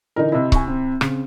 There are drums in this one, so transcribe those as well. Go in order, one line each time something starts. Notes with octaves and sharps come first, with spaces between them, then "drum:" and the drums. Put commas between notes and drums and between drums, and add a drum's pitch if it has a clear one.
D3 E3 D#4 A#4 D#5
C3 E4 D#5
G#5 C#6, drum: kick C#1
C4
C#3 C4, drum: rim click